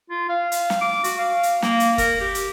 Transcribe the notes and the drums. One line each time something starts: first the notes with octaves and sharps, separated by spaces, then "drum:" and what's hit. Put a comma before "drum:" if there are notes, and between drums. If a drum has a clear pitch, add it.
F4
F5
drum: hi-hat
drum: snare
D6
F#4, drum: hi-hat
F5
drum: hi-hat
A#3, drum: snare
drum: hi-hat
A#4, drum: kick, hi-hat
G4
drum: hi-hat